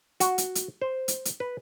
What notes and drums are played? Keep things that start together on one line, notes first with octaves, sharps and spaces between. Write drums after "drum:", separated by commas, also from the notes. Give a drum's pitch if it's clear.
F#4, drum: hi-hat
drum: hi-hat
drum: hi-hat
C5
drum: hi-hat
drum: hi-hat
B4